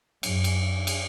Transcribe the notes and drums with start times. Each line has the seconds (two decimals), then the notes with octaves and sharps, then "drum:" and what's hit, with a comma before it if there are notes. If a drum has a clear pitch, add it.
0.23 F#2, drum: cymbal
0.44 drum: cymbal
0.87 drum: cymbal